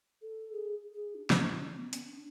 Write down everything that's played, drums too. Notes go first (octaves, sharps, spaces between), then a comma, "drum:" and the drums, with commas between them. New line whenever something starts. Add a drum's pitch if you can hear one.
A4
G#4
G#4
D4
C#4, drum: snare
C#4
C#4
B3
C#4, drum: hi-hat
D4